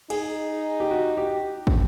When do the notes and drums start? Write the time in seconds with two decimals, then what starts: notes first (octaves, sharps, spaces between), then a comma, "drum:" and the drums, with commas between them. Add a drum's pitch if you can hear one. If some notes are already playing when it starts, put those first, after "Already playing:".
0.10 D#4 G#4, drum: cymbal
0.80 G4
0.91 F#4
1.17 G4
1.67 drum: kick